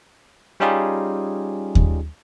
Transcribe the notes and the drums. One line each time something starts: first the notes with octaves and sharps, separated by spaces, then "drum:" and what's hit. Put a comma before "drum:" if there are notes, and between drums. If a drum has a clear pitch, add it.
G3 C#4 D#4 F4 G4 G#4
drum: kick D#2